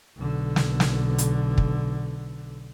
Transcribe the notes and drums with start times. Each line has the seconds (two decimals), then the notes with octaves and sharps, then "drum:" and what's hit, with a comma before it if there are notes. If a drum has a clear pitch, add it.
0.17 B1 D3
0.56 drum: snare
0.80 drum: snare
1.18 drum: hi-hat
1.58 drum: kick